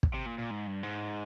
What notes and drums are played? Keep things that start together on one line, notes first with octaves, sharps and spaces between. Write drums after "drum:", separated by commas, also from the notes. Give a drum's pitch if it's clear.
drum: kick
C3
A#2
A#2
G#2
G2
G#2